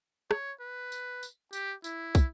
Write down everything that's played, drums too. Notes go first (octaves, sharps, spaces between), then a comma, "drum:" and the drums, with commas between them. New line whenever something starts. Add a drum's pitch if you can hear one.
C#5, drum: rim click
B4
drum: tambourine
drum: tambourine
G4, drum: tambourine
E4, drum: tambourine
drum: kick, tambourine